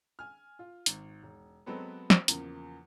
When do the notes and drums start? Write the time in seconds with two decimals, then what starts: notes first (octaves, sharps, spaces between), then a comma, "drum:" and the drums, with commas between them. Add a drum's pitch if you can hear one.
0.19 G#5 F6
0.59 F4
0.86 G#1, drum: hi-hat
1.23 E1
1.66 F#3 G#3 B3 C4 A4 B4
2.10 drum: snare
2.28 E2 C#3 F3 A#3, drum: hi-hat